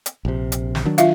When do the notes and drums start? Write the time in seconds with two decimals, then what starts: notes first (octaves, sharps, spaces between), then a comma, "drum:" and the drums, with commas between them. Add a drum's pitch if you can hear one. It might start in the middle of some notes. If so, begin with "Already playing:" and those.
0.06 drum: hi-hat
0.25 A#1 C3
0.52 drum: hi-hat
0.75 drum: snare
0.85 D#3 F#3 D4
0.98 F4 E5 F5, drum: hi-hat